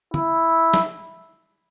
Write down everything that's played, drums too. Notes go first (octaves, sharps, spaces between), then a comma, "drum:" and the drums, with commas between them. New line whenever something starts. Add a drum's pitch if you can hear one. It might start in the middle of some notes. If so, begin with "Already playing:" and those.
E4, drum: tom
drum: snare